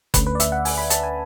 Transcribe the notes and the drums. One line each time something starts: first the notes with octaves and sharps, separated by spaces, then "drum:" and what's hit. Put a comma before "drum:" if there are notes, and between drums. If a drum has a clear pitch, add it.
D2 D3 A3 C#4 B4, drum: kick F#1, hi-hat
B4
D5
E5, drum: hi-hat
F#5
G#5, drum: open hi-hat
B5
A5, drum: hi-hat
G#5